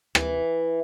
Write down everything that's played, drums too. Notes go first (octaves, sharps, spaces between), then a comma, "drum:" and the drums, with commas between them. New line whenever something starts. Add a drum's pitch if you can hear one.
E3, drum: rim click